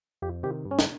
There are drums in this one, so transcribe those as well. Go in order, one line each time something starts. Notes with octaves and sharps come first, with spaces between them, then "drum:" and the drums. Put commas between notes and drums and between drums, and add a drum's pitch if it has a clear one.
F2 G4
C3 D#3 G4
G2
C#4
D#4, drum: snare